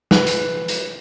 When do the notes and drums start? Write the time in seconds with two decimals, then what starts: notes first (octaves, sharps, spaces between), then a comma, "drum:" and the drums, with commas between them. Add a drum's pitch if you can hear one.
0.11 B4, drum: snare
0.27 drum: hi-hat
0.68 drum: hi-hat